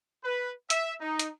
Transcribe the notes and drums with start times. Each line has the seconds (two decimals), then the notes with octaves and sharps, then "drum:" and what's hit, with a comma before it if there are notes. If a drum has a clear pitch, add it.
0.24 B4
0.70 E5, drum: hi-hat
1.01 D#4
1.19 drum: hi-hat